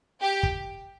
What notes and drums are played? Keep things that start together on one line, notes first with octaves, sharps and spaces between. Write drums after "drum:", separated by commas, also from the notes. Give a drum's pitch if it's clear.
G4
drum: kick